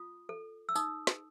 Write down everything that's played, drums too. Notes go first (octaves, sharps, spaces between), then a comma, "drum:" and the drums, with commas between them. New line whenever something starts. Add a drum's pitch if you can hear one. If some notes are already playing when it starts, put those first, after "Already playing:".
Already playing: F4 D#6
A4
E6
D#4 D#6, drum: tambourine
drum: snare